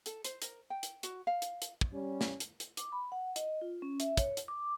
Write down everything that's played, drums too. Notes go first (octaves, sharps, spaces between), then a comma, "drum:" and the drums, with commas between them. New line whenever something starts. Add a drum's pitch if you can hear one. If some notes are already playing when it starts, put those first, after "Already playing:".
A4, drum: hi-hat
C5, drum: hi-hat
A#4, drum: hi-hat
G5
drum: hi-hat
F#4, drum: hi-hat
F5
drum: hi-hat
drum: hi-hat
drum: kick
G3 C#4
drum: snare
drum: hi-hat
drum: hi-hat
D6, drum: hi-hat
B5
F#5
D#5, drum: hi-hat
F4
C#4
E5, drum: hi-hat
C#5, drum: kick, hi-hat
drum: hi-hat
D6